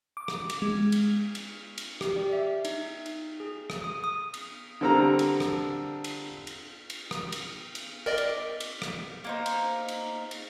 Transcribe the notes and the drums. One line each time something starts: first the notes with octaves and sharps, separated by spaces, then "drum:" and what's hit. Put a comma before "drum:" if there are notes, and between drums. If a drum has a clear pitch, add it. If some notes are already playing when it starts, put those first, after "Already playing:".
D6
drum: rim click
drum: cymbal
G#3
drum: cymbal
drum: cymbal
drum: cymbal
G4, drum: rim click
D5
E5
D#4, drum: cymbal
drum: cymbal
G#4
drum: rim click
D#6
D#6
drum: cymbal
D3 G3 C4 A4 A#4 A#5
drum: cymbal
drum: rim click
drum: cymbal
drum: cymbal
drum: cymbal
drum: rim click
drum: cymbal
drum: cymbal
A#4 D5 D#5 D6
drum: cymbal
drum: cymbal
drum: rim click
A#3 D#4 C5
drum: cymbal
drum: cymbal
drum: cymbal